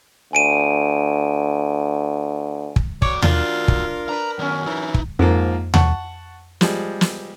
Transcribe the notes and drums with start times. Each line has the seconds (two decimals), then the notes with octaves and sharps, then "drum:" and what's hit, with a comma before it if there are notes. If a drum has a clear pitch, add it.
0.33 D2 G#5 D7 D#7
2.76 drum: kick
3.02 F#4 C#5 D5 D6, drum: kick
3.22 D4 F4 A#4, drum: tom D#2
3.68 drum: kick
4.09 D4 B4 A#5
4.39 D#3 F#3 B3 C#4
4.66 E3 D#4 E4
4.94 drum: kick
5.19 F2 G#2 F3 A#3
5.74 F#5 A5 C#6, drum: tom D#2
6.61 F3 G3 G#3, drum: snare
7.01 drum: snare